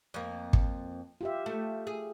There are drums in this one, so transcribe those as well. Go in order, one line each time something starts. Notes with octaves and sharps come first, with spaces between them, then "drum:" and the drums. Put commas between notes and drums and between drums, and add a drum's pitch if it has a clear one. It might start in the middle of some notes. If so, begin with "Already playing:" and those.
F2 A#3
drum: kick
F4 G4 E5
A3
G#4